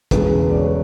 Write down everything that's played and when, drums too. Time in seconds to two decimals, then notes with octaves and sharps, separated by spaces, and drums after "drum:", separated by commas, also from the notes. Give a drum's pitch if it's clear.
0.11 E1 E2 C#3 G#4 B4, drum: kick, hi-hat
0.50 D5
0.57 C#5
0.64 B4